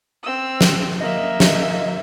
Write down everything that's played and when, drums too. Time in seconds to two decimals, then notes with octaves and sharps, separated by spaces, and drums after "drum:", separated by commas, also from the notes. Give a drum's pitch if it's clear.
0.23 C4 E6
0.61 drum: snare
1.00 A#3 D#5 E5
1.40 drum: snare